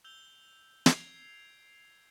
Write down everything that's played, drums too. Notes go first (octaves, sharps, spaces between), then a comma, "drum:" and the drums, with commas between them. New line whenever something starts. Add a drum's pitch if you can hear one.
E6 G6 F7 G7
G#6 C7 D7 F7, drum: snare